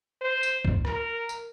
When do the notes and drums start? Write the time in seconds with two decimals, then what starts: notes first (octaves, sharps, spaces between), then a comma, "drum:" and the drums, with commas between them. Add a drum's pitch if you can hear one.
0.22 C5
0.43 drum: tambourine
0.65 drum: kick D2
0.85 A#4, drum: rim click
1.29 drum: tambourine